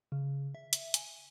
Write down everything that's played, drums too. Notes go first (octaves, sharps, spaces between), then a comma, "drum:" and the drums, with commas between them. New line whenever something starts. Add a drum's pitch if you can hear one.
C#3
E5
drum: hi-hat
G#5, drum: hi-hat